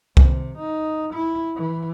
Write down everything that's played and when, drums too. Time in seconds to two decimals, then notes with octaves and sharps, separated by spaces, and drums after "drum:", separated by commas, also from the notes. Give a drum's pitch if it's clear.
0.17 C3, drum: kick C2
0.59 D#4
1.14 E4
1.57 E3